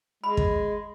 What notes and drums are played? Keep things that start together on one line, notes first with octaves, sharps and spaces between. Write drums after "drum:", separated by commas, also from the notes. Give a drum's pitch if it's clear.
G#3 B5
drum: kick